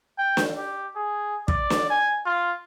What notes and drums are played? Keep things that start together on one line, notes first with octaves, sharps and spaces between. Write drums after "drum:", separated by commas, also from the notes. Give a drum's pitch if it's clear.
G5
drum: snare
G4
G#4
D5, drum: kick
drum: snare
G#5
F4